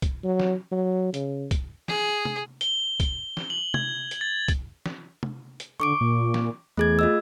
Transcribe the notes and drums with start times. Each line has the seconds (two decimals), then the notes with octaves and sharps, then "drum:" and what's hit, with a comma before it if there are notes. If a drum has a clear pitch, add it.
0.02 drum: kick, hi-hat
0.24 F#3
0.40 drum: snare
0.72 F#3
1.14 C#3, drum: hi-hat
1.51 drum: kick, hi-hat
1.88 G#4, drum: snare
2.25 drum: tom C3
2.61 G7, drum: hi-hat
3.00 drum: kick, hi-hat
3.37 drum: snare
3.50 F#7
3.74 G#6, drum: tom C3
4.11 drum: hi-hat
4.21 A6
4.48 drum: kick, hi-hat
4.86 drum: snare
5.23 drum: tom C3
5.60 drum: hi-hat
5.80 D3 C#6 D6 D7
6.01 A#2
6.34 drum: snare
6.77 E2 A3 G#4 G#6
6.99 F4 D#5 E6